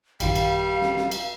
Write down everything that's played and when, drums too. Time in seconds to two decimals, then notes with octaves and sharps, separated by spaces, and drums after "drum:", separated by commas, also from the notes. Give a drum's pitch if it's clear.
0.20 A1 F#2 D#3 G3 F5, drum: cymbal
0.35 drum: cymbal
0.81 drum: snare
0.96 drum: snare
1.11 drum: cymbal